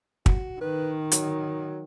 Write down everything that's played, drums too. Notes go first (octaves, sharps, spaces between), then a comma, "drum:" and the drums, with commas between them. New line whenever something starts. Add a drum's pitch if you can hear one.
F#4, drum: kick
D#3 B4
F#3, drum: hi-hat